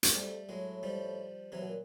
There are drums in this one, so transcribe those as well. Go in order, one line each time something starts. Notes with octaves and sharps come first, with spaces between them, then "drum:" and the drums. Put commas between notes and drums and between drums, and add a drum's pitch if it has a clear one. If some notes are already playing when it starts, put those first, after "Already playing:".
drum: hi-hat
F2 G3 A3
A2 F#3 G#3
F3 G3
C3 E3 F#3
B2
A#2